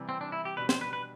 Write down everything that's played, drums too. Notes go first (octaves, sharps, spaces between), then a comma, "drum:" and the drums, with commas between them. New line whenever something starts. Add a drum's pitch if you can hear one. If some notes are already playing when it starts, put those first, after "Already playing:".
Already playing: C3 E3 G3
C4
D4
E4
G4
B2 G3 D4 B4
C5, drum: snare
B4
B4